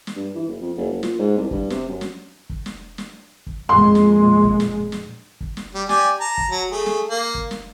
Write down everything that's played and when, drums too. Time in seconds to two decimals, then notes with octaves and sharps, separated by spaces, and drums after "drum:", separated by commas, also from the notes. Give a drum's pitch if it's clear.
0.07 drum: snare
0.16 G2
0.35 E3
0.47 F#1
0.61 F2
0.77 F#1
0.91 F#1
1.03 A#2, drum: snare
1.19 G#2
1.37 C2
1.51 G2, drum: kick
1.70 C3, drum: snare
1.88 F#2
2.01 drum: snare
2.50 drum: kick
2.66 drum: snare
2.98 drum: snare
3.47 drum: kick
3.69 F2 A#2 G#3 C6
3.95 drum: snare
4.44 drum: kick
4.60 drum: snare
4.92 drum: snare
5.41 drum: kick
5.57 drum: snare
5.74 G3
5.89 G4 D5 G#5, drum: snare
6.20 A5 A#5
6.38 drum: kick
6.50 F#3
6.71 A3 G#4
6.86 drum: snare
7.09 A#3
7.35 drum: kick
7.51 drum: snare